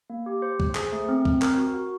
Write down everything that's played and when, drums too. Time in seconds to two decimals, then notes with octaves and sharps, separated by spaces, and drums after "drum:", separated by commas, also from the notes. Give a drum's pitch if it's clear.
0.10 A#3
0.26 G4
0.42 C5
0.60 C5, drum: kick
0.75 G#4, drum: clap
0.92 A3
1.09 C4
1.25 C4, drum: kick
1.42 A#4, drum: clap
1.58 F#4
1.74 F#4